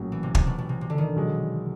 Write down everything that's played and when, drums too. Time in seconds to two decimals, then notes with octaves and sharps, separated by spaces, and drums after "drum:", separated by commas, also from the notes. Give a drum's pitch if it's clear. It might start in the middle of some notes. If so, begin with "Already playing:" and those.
Already playing: A#1 A2 F#3 A#3 C#4
0.12 E3
0.23 C3
0.35 C3, drum: kick
0.47 B2
0.58 B2
0.69 C3
0.81 C3
0.90 D3
0.98 D#3
1.16 B1 B2 G#3